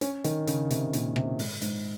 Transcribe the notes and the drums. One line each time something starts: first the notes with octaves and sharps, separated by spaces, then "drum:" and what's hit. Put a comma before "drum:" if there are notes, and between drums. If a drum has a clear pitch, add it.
C#4, drum: hi-hat
D#3, drum: hi-hat
C#3, drum: hi-hat
C3, drum: hi-hat
A#2, drum: hi-hat
C3, drum: rim click
G#2, drum: open hi-hat
G#2, drum: hi-hat